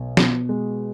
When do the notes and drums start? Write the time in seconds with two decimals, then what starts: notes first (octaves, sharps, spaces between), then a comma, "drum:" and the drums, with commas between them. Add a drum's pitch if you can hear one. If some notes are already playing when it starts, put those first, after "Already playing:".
Already playing: B1
0.17 B2, drum: snare F3
0.49 G#3